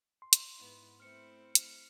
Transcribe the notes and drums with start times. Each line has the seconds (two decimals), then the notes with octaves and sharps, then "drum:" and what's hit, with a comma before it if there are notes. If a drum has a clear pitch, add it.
0.22 C6
0.33 drum: hi-hat
0.58 G#2 B3 E4
1.00 A3 C4 E4 F6 C#7
1.55 drum: hi-hat